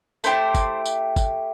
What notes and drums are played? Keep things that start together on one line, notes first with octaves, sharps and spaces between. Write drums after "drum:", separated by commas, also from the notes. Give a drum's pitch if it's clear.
A3 E4 G4 C5 C6, drum: tambourine
drum: kick, tambourine
drum: tambourine
drum: kick, tambourine